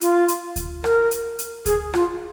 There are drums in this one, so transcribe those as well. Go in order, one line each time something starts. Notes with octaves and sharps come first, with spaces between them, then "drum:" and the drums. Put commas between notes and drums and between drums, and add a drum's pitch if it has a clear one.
F4, drum: hi-hat
drum: hi-hat
drum: kick D2, hi-hat
A#4, drum: rim click
drum: hi-hat
drum: hi-hat
G#4, drum: kick D2, hi-hat
F4, drum: rim click